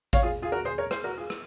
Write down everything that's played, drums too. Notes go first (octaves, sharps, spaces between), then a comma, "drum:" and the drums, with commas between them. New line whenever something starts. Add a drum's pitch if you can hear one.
C#5 F5, drum: kick A1, hi-hat
F4 G#4
F4 G#4
F#4 A#4
G#4 C5
A#4 C#5
G#4 C5, drum: rim click
F#4 A#4
F4 G#4
drum: rim click